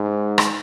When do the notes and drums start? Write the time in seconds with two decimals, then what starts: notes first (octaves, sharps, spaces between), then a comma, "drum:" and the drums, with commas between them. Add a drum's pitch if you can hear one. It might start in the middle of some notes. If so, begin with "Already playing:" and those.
Already playing: G#2
0.38 drum: rim click